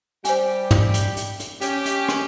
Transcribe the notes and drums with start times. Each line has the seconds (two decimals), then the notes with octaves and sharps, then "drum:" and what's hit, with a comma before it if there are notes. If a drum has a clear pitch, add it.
0.25 G3 G4 C5 G#5, drum: hi-hat
0.71 drum: tom
0.94 drum: hi-hat
1.17 drum: hi-hat
1.40 drum: hi-hat
1.61 C#4 G4, drum: hi-hat
1.86 drum: hi-hat
2.09 drum: rim click